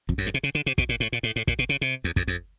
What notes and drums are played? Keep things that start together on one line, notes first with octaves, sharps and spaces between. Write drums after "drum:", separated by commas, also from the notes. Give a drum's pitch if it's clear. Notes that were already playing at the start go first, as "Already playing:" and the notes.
F2, drum: kick
F#2
G2
C3
C#3
D3
C3
B2, drum: kick
A#2
A2
A#2
A2
A2
A#2, drum: kick
B2
C#3
C3
E2
F2, drum: kick
F2